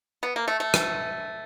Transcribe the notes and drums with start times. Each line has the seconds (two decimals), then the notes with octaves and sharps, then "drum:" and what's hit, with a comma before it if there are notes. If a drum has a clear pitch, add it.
0.23 B3
0.36 A#3
0.48 A3
0.60 A3
0.74 drum: rim click